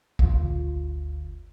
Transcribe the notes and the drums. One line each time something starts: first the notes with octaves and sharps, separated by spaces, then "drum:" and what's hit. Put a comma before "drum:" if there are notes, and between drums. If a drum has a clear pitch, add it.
G1 D2 F4, drum: kick